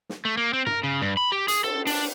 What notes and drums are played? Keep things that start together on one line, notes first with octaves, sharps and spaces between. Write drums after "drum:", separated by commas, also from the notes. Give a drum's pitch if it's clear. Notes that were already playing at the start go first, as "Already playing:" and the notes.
drum: snare
A3
A#3
C4
A#4, drum: tom G2
C#3
G2
B5
G4
G#4, drum: hi-hat
A4, drum: cymbal
D4, drum: open hi-hat